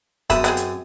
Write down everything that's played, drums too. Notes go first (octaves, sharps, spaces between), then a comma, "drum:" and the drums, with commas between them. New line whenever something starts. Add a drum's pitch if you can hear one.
F#2 B3 E5 B5 D#6, drum: kick, hi-hat
B3 C4 G#4, drum: hi-hat
drum: hi-hat